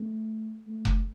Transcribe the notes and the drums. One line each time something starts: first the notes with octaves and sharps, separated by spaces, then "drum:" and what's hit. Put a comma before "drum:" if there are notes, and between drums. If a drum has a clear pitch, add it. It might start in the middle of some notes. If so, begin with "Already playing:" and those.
Already playing: A3
A3
drum: kick F1